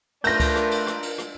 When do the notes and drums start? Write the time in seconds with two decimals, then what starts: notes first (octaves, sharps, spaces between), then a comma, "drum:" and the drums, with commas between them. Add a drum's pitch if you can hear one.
0.24 A3 D4 F4 A#4 B4 G6 A#6, drum: cymbal
0.40 drum: kick C#2, cymbal
0.56 drum: rim click
0.71 drum: cymbal
0.87 drum: rim click
1.03 drum: cymbal
1.18 drum: rim click